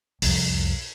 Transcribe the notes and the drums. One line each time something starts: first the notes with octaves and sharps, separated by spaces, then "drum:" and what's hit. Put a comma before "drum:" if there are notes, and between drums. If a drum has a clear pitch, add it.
C2 F2, drum: open hi-hat